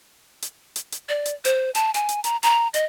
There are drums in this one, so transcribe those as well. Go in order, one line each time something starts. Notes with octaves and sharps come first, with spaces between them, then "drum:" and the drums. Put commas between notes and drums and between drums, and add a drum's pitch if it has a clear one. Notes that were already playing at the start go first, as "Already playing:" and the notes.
drum: hi-hat
drum: hi-hat
drum: hi-hat
D5
drum: hi-hat
C5, drum: hi-hat
A5, drum: hi-hat
G#5, drum: hi-hat
drum: hi-hat
A#5, drum: hi-hat
A#5, drum: hi-hat
D#5, drum: hi-hat